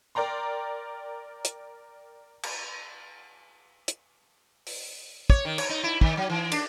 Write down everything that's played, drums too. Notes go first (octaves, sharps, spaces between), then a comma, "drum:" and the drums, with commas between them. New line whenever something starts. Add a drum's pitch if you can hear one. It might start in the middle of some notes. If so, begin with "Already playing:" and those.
A#4 D5 G5 A#5 C6
drum: hi-hat
drum: cymbal
drum: hi-hat
drum: open hi-hat
C#5, drum: kick
D#3
C#5, drum: cymbal
D#4
E4
D#3, drum: kick
F#3
E3
D4, drum: cymbal